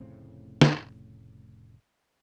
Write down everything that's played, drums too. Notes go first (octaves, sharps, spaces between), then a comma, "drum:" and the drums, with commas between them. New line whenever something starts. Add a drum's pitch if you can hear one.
F1 A2 C#3 C4
drum: snare